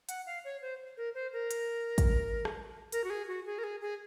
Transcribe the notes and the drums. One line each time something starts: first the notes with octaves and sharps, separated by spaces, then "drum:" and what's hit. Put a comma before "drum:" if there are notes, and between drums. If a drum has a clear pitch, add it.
F#5, drum: hi-hat
F5
C#5
C5
A#4
C5
A#4
drum: hi-hat
drum: kick, hi-hat
drum: rim click
A#4, drum: hi-hat
F#4
G#4
F#4
G#4
A#4
G#4
G#4